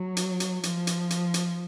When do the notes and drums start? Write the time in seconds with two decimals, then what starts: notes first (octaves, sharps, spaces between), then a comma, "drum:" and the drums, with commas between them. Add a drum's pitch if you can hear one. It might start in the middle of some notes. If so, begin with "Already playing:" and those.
Already playing: F#3
0.17 drum: hi-hat
0.40 drum: hi-hat
0.63 F3, drum: hi-hat
0.87 drum: hi-hat
1.10 drum: hi-hat
1.34 drum: hi-hat